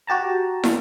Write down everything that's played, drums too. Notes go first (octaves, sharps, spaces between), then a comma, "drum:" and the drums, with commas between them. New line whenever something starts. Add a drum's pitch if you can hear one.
F#4 G4 A5 A#5
drum: snare